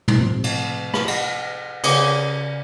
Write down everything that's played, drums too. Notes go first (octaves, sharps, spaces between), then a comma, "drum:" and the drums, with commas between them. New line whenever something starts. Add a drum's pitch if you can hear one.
drum: tom
A2 C3 F3
drum: cymbal
drum: rim click
drum: cymbal
C#3 C#4 D5 D6 D#6, drum: cymbal